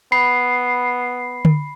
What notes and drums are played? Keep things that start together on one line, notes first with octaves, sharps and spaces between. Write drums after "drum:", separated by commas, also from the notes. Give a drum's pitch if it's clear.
B3 B5 C7
drum: tom D3